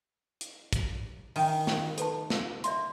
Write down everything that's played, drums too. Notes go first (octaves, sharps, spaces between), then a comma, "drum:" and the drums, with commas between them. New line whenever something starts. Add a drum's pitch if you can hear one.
drum: hi-hat
drum: kick, hi-hat
D#3 E5 G#5, drum: open hi-hat
drum: snare
A4 B4 A5, drum: hi-hat
drum: snare
D5 E5 C6, drum: hi-hat